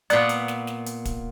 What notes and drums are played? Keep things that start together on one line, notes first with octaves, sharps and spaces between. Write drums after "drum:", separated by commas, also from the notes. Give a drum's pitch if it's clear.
A#2 B3 D5 F#5, drum: hi-hat
drum: hi-hat
drum: snare
drum: snare
drum: hi-hat
drum: kick, hi-hat